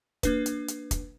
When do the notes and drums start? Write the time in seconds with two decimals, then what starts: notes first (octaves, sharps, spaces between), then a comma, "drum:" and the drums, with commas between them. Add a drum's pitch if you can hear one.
0.23 A#3 D4 B4, drum: kick, hi-hat
0.46 drum: hi-hat
0.68 drum: hi-hat
0.91 drum: kick, hi-hat